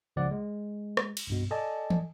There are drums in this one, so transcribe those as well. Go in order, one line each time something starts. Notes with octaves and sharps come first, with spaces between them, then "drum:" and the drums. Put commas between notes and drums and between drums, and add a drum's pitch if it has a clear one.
C#2 C#3 F3 D5 F#5
G#3
drum: rim click
drum: cymbal
C2 G2 B2
A4 D5 D#5 G#5 A5
drum: tom